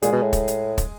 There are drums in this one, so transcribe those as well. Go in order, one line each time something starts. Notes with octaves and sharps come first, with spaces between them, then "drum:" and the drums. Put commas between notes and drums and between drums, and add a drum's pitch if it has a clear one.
A#2 G#3 G#4, drum: hi-hat
B2
A2
drum: kick, hi-hat
drum: hi-hat
drum: kick, hi-hat